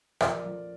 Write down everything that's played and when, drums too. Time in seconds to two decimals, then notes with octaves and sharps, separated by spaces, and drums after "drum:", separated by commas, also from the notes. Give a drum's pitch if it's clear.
0.21 F3 A#4 D5, drum: rim click
0.44 F3